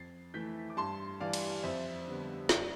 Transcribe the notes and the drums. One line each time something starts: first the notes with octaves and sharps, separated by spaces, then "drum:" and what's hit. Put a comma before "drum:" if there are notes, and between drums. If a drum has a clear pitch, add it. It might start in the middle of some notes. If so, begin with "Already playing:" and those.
Already playing: F2 A6 C7
E3 A3 E4 G6 B6
D6
G2 A5 C6
E3 G3 D5 F5
drum: cymbal
F2 C5 E5
D3 G3 B3
G2 D5, drum: snare